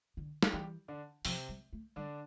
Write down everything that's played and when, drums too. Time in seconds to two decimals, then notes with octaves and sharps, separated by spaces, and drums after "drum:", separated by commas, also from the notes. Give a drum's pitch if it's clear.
0.17 D3
0.43 drum: snare
0.53 E3 G3 G4
0.88 D3 D4
1.25 C3 F3 C4, drum: open hi-hat
1.49 G3
1.73 A3
1.96 D3 G3 D4